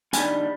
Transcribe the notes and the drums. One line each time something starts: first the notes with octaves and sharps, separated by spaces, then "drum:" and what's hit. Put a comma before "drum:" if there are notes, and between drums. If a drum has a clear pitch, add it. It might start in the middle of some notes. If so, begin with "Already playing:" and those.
G2 D#3 G3 G#5, drum: hi-hat